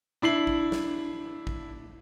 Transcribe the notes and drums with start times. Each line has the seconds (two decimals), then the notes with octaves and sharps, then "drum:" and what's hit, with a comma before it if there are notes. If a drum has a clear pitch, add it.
0.22 D4 E4 C7 F#7
0.47 drum: kick
0.72 drum: snare
1.47 drum: kick